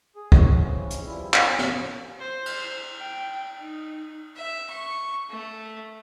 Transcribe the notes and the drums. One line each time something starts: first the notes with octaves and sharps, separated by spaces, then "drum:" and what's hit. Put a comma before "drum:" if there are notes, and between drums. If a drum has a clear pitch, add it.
G#4
E2 C3 G#3 C#5 F#5, drum: kick
C#3 E3 C4 C#4
drum: hi-hat
E2 F3 G3 E4
C#4, drum: clap
drum: snare
C5
drum: cymbal
G5
D#4
E5
C#6
A3